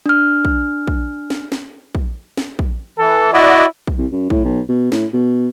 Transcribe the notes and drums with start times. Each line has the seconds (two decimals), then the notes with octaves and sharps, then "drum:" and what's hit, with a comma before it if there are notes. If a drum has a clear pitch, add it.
0.06 D4 F6
0.45 drum: kick
0.87 drum: kick
1.30 drum: snare
1.52 drum: snare
1.95 drum: kick
2.37 drum: snare
2.59 drum: kick
2.98 E3 A4
3.33 E4 F#4 D5 D#5
3.87 drum: kick
3.98 C2
4.11 F#2
4.30 A2, drum: kick
4.44 B1
4.68 B2
4.92 A2, drum: snare
5.13 B2